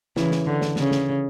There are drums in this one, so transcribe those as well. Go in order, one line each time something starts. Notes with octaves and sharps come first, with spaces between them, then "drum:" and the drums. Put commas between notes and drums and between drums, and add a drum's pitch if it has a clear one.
C#3 E3, drum: snare
drum: snare
D3
drum: snare
C#3, drum: snare
drum: snare